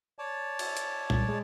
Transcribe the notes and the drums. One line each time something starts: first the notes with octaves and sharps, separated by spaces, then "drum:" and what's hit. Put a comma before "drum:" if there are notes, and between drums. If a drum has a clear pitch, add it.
C#5 D5 A5
drum: cymbal
drum: hi-hat
C2, drum: tom A#2
G#3